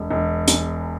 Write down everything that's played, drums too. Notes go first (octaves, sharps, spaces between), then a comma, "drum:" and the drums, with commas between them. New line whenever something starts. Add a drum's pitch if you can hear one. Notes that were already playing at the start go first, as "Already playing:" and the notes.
Already playing: E1
E1
E2, drum: hi-hat